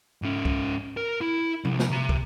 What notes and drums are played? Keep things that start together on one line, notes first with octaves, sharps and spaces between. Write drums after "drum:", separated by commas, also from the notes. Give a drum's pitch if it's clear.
G#2 C#4
drum: kick
A#4
E4
C2, drum: tom F3
drum: snare
C3 A#5
drum: kick